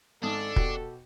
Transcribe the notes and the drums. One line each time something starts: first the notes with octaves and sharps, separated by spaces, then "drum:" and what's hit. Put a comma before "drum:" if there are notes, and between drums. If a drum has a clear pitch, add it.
G#1 G#2 D4 A4 D#6
B2 F#4 G4, drum: kick